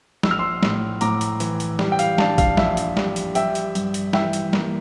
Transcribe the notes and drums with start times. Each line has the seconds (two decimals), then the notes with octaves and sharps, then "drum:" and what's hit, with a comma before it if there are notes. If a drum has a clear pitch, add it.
0.23 A#1 E6, drum: snare
0.31 F6
0.39 C6 E6
0.63 A2, drum: snare
1.01 A2 A#5 D6, drum: hi-hat
1.21 drum: hi-hat
1.40 E3, drum: hi-hat
1.60 drum: hi-hat
1.79 G3, drum: snare
1.92 G5
1.99 F5, drum: hi-hat
2.18 D4 F5 A5, drum: snare
2.38 F5, drum: kick A#1, hi-hat
2.57 A#1 E5, drum: snare
2.77 drum: hi-hat
2.97 G3, drum: snare
3.16 drum: hi-hat
3.35 G3 E5 G5, drum: hi-hat
3.55 drum: hi-hat
3.75 G2, drum: hi-hat
3.94 drum: hi-hat
4.13 E3 E5 G5, drum: snare
4.33 drum: hi-hat
4.53 A#3, drum: snare